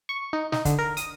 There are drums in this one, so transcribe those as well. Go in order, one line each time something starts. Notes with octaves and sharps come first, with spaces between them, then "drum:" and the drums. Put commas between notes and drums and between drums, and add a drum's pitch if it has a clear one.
C#6
D#4
D#4, drum: snare
D3, drum: kick, hi-hat
A#4
D#6, drum: hi-hat